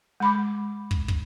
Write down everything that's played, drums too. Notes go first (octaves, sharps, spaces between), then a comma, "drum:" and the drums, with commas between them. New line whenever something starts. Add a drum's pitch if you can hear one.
G#3 B5 D6
drum: kick
drum: kick